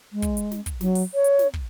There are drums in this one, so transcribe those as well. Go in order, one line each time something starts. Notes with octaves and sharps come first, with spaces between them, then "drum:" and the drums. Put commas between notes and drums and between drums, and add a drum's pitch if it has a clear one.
G#3
drum: kick, hi-hat
drum: hi-hat
drum: snare
drum: kick, hi-hat
F#3, drum: snare
drum: open hi-hat
C#5
drum: hi-hat
drum: snare
drum: kick